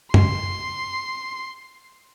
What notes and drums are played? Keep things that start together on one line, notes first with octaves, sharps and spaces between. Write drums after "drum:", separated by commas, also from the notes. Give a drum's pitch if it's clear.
C6, drum: tom F#2